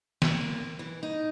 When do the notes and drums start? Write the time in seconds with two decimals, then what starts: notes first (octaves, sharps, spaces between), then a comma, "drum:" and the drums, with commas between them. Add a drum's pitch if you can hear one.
0.22 A#3, drum: snare
0.79 E3
1.03 D#4